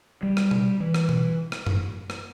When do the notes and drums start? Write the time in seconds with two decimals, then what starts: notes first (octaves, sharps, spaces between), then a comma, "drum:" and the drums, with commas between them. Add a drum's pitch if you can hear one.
0.23 G3
0.37 drum: rim click
0.51 drum: tom B2
0.80 E3
0.94 drum: rim click
1.09 drum: tom B2
1.52 drum: rim click
1.66 drum: tom F#2
2.10 drum: rim click